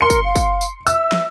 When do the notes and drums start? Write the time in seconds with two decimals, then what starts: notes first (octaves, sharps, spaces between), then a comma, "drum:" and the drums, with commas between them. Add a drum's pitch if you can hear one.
0.01 A#4 C6 C#7
0.10 drum: kick, tambourine
0.24 F5
0.36 drum: kick, tambourine
0.61 drum: tambourine
0.87 E5 E6, drum: tambourine
1.12 drum: snare